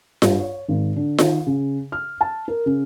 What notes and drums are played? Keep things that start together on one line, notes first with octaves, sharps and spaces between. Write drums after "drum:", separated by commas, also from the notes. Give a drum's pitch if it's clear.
G2, drum: snare F4
C#5
G#1
D3
D#3, drum: snare F4
C#3
F6
A5
A#4
C#3